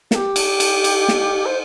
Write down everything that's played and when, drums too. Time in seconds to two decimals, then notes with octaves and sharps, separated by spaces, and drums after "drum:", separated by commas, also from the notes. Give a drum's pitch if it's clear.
0.11 A#4, drum: snare
0.15 G4
0.36 drum: cymbal
0.60 drum: cymbal
0.84 drum: cymbal
1.08 drum: snare
1.46 C5